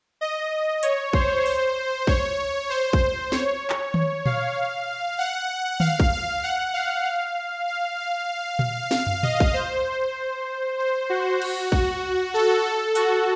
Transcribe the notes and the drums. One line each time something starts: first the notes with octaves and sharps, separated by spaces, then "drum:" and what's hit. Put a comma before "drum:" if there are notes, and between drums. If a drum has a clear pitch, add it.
D#5
C#5, drum: hi-hat
C5, drum: kick
C5, drum: open hi-hat
C#5, drum: kick
C5
drum: kick
C#5, drum: snare
drum: clap
drum: tom D#3
F5, drum: tom A#2
F#5
F5, drum: tom D#3
drum: kick
F5
F#5
F5
F5
F5
F5
drum: tom A#2
F5, drum: snare
drum: tom
D#5, drum: tom A#2
drum: kick
C5
C5
F#4
drum: cymbal
F#4, drum: kick
A4
A4
F#4, drum: hi-hat